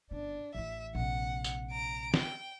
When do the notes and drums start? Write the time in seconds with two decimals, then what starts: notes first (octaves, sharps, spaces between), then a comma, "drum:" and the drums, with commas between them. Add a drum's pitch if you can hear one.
0.11 G1 C#3 D4
0.55 A1 E3 E5
0.95 A#1 C3 F#5
1.44 drum: tambourine
1.71 A#5 D7
2.14 G5, drum: snare